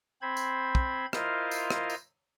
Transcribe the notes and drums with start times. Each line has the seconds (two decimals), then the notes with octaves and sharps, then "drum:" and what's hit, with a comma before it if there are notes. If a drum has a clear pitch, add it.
0.22 C4 C5 B5 G#6
0.37 drum: tambourine
0.75 drum: kick
1.13 E4 F4 A#4 C5 D#5 F5, drum: rim click
1.51 drum: tambourine
1.70 drum: rim click
1.90 drum: tambourine